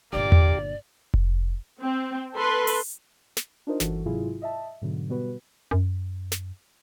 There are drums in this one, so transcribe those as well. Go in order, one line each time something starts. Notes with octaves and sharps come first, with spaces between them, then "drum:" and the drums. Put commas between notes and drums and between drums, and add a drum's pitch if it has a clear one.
G1 A#2 A#3 G4 D5 D6
drum: tom E2
drum: kick F1
C4
A4 B4 C6
drum: open hi-hat
drum: snare
D4 D#4 F4 A#4 C5 D#5
G1 E3 F#4 A4, drum: snare
G#2 C3 F#3 E4 F4 G#4
D#5 E5 A5
G#2 B2 D3 F#3
B2 G3 B3 F#4 B4
F#2
drum: snare